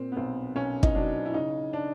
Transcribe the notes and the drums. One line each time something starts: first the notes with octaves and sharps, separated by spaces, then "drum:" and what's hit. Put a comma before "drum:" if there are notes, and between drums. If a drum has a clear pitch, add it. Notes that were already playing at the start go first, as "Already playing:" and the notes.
Already playing: A#2 C4
B3
B1 C4
B1 C#4
D#4, drum: kick
F#3 D4
E4
C#3 D#4
D4